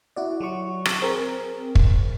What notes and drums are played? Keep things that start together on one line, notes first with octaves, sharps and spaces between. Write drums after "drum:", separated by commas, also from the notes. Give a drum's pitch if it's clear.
E4 F#4 D5
F#3 F#4 C#6
drum: rim click
C4 G#4 A#4
drum: kick